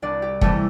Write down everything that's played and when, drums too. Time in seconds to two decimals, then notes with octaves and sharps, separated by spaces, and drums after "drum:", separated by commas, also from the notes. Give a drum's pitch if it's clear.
0.02 C2 D4 D5
0.22 G4
0.41 C3 E3 G3 A3 A4, drum: kick